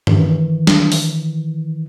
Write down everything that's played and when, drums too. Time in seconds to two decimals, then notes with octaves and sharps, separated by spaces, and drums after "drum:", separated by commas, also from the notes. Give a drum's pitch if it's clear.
0.07 D#3 E3, drum: tom G2
0.67 drum: snare
0.92 drum: open hi-hat